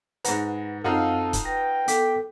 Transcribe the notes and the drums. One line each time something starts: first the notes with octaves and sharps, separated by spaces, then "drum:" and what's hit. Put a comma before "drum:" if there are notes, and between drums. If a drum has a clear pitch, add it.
G#2 B4 F#5 A#5, drum: hi-hat
F#2 C4 D#4 F4 F#4 A4 F5
drum: kick D#1, hi-hat
B4 G5 A#6
B3 A4 D6 B6, drum: hi-hat